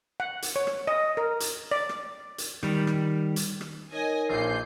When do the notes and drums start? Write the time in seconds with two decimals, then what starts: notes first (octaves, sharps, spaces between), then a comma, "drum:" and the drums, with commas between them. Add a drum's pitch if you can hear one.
0.20 F#5
0.42 drum: hi-hat
0.56 C#5
0.67 drum: rim click
0.87 D#5
1.17 A#4
1.40 drum: hi-hat
1.71 D5
1.89 drum: rim click
2.38 drum: hi-hat
2.63 D#3 G3, drum: rim click
2.87 drum: rim click
3.36 drum: hi-hat
3.61 drum: rim click
3.92 D#4 A#4 C#5 D#5 G#5
4.29 A#1 A#2 G6 C7